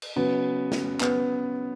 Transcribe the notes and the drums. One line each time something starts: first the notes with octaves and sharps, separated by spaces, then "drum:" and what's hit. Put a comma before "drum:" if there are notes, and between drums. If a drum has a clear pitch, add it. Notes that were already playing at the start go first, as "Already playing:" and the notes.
drum: cymbal
C#3 F#3 B3
drum: snare
B3, drum: clap